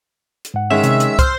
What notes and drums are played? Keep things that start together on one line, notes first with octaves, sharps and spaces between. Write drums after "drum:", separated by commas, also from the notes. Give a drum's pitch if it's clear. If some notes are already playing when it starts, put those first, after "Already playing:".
drum: hi-hat
G#2 F#5
D#3 G#3 C#4 E5
C3, drum: hi-hat
drum: hi-hat
C5 E6 F6, drum: kick, hi-hat